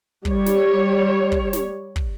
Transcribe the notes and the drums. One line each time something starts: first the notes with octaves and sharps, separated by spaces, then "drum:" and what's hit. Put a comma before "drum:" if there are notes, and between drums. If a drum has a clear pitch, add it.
G3 C#5, drum: kick
drum: snare
drum: kick
drum: snare
drum: kick